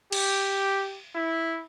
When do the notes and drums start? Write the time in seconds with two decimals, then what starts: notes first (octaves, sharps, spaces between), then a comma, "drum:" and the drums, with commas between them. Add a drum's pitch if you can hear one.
0.12 G4, drum: cymbal
1.15 E4